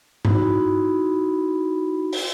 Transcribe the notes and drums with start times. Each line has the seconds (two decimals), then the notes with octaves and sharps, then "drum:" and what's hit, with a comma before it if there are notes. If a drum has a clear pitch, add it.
0.25 D#4 E4 F#4 B5, drum: tom G#2
2.13 drum: open hi-hat